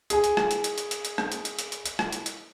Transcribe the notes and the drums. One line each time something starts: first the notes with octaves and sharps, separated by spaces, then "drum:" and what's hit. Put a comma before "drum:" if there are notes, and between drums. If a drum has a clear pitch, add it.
G#4 G#5, drum: hi-hat
drum: hi-hat
drum: rim click
drum: hi-hat
drum: hi-hat
drum: hi-hat
drum: hi-hat
drum: hi-hat
drum: rim click
drum: hi-hat
drum: hi-hat
drum: hi-hat
drum: hi-hat
drum: hi-hat
drum: rim click
drum: hi-hat
drum: hi-hat